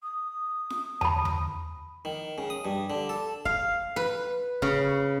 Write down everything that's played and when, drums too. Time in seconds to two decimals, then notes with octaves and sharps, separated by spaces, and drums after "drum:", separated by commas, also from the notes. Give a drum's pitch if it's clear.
0.03 D#6
0.70 drum: snare
1.01 A5 B5, drum: tom E2
1.25 drum: tom E2
2.05 D#3
2.38 C#3
2.50 D#6
2.65 G2
2.90 D3
3.09 A4
3.45 F5, drum: kick
3.96 B4
4.62 C#3, drum: kick